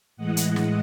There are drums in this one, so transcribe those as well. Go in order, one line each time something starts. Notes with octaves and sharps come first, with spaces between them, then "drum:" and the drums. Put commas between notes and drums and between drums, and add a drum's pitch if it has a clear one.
A2 E3 G#3 D#5 F#5
drum: hi-hat
drum: snare